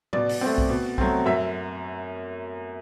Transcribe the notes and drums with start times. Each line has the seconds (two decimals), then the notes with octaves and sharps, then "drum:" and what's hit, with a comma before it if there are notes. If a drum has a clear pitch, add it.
0.13 B2 D5, drum: tom A2
0.29 drum: open hi-hat
0.41 A3 C4
0.58 drum: kick B1
0.69 B2
0.98 F#3 A3 C4, drum: kick B1
1.26 F#2 E5